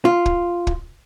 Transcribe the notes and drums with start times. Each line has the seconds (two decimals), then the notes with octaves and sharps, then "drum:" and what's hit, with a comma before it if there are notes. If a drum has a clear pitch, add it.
0.05 F4
0.26 drum: kick
0.67 drum: kick